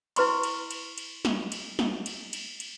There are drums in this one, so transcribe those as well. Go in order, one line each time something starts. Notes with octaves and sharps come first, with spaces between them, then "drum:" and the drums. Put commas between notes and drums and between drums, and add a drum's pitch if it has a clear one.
E4 B4 C6 C#6, drum: cymbal
drum: cymbal
drum: cymbal
drum: cymbal
drum: snare
drum: cymbal
drum: snare
drum: cymbal
drum: cymbal
drum: cymbal